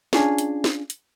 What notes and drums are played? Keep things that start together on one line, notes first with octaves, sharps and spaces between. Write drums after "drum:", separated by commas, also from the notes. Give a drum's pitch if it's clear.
C#4 D4 F4 G#4, drum: snare
drum: hi-hat
drum: snare
drum: hi-hat